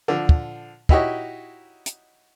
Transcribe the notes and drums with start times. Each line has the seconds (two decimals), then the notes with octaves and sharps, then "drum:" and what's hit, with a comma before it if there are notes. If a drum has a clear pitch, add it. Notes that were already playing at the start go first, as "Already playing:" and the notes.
0.08 D3 F3
0.29 drum: kick
0.89 D#4 E4 F#4 G4 C#5 D#5, drum: kick
1.86 drum: hi-hat